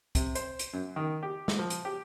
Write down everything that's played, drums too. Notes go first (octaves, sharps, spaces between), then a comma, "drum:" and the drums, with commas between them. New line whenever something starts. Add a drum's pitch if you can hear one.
C3, drum: kick, hi-hat
C5, drum: hi-hat
drum: hi-hat
F#2
D#3
G4
drum: snare
F3
drum: hi-hat
G4